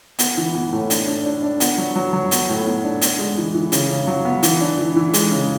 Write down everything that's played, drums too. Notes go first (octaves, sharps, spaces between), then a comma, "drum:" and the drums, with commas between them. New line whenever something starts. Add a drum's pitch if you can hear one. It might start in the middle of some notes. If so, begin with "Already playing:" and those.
B3, drum: hi-hat
E3
B3
A2
D4, drum: hi-hat
D4
D4
D4
B3, drum: hi-hat
F#3
F#3
F#3
B3, drum: hi-hat
A2
B3
D4
B3, drum: hi-hat
G#3
E3
E3
C#3, drum: hi-hat
C#3
F#3
B3
E3, drum: hi-hat
D4
E3
E3
G#3, drum: hi-hat
C#3